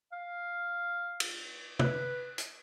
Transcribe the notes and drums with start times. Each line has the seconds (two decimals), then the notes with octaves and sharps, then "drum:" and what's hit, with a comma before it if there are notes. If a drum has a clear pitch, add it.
0.12 F5
1.20 drum: cymbal
1.79 B4, drum: tom
2.38 drum: hi-hat